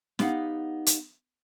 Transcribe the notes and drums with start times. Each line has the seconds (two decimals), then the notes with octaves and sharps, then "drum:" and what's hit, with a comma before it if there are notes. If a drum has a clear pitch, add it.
0.19 B3 D#4 G4 F5 F#5, drum: snare
0.86 drum: hi-hat